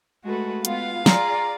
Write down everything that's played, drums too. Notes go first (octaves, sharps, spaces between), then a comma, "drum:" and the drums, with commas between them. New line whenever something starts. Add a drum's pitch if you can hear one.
G#3 A3 F#4 A4 B4
G#3 B3 F4 F5, drum: hi-hat
F4 G#4 D5 A#5, drum: snare